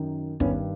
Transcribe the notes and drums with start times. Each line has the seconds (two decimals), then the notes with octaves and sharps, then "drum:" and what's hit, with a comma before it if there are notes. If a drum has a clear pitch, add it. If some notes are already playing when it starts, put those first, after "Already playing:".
Already playing: F#2 D#3
0.40 G2 D#3 B3 C#4, drum: kick